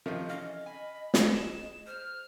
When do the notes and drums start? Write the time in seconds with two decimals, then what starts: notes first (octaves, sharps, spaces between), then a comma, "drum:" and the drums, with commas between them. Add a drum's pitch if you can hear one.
0.06 C3 D#3 F3 A3 D#5 F5
0.30 E3 C#4 D#5 F5
0.66 G#5 B5
1.14 drum: snare
1.33 G#4 E7
1.87 C5 F6